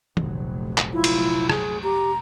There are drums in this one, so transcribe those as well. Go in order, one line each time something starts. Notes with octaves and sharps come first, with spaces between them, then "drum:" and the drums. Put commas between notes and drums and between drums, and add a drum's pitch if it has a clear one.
F1 A#1 F#3, drum: tom D#3
drum: clap
E4 F4
drum: cymbal
G#4, drum: rim click
G4 A#5